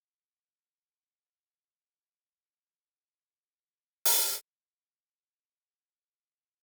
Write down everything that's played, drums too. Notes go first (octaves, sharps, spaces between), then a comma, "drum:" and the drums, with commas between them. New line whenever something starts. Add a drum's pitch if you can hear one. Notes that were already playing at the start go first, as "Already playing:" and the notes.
Already playing: F#4
E4
F#4 A#5
A#5
A5
A4 G#5
G#5
A5
G#4 A5
A#5
A5
A4
A5
A#5
A5
G4 G#5
G#4 A#5
drum: open hi-hat
G#5
G4 G#5
G5
A5
G#5